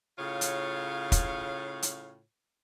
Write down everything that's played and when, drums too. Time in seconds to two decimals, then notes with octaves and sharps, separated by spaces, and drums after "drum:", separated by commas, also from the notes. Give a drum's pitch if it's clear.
0.17 A2 C#3 F4 C#5 F5
0.41 drum: hi-hat
1.12 drum: kick, hi-hat
1.82 drum: hi-hat